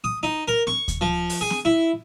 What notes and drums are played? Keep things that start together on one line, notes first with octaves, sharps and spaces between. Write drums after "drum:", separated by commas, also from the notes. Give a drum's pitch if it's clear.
D#6
D#4
A#4
C#6, drum: snare
drum: kick D2, hi-hat
F3
drum: open hi-hat
G#4
drum: snare
E4